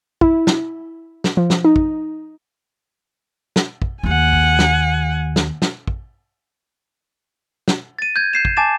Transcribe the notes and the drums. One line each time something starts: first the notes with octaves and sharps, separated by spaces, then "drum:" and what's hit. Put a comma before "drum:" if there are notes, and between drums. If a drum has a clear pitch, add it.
E4, drum: kick
drum: snare
drum: snare
F3
drum: snare
D#4
drum: kick
drum: snare
drum: kick
D#2 A#3 F#5 G#5
drum: kick
drum: snare
drum: snare
drum: snare
drum: kick
drum: snare
A6 D#7
G6 G#6
G6 C7 E7
drum: kick
G#5 A5 D6 A6 E7